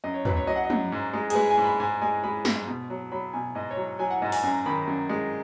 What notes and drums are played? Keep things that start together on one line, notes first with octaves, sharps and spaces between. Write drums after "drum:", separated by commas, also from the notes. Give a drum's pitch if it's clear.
F#2 D#5
C#5
F#3 B4, drum: tom
C#5
F#3 D#5
F#5
D#5
F#2, drum: tom
G#2
G#3
G#4, drum: cymbal
G#3 B4
G#5
G#2
B5
G#2 G#5
G#3 G#5
G#3 B5
G#2, drum: snare
B2
F#3
F#3 B5
B2 G#5
G#2 D#5
C#5
F#3
F#3 G#5
F#5
G#2 D#5
G#5, drum: open hi-hat
F#2 G#5
D#3 B5
F#2
G#3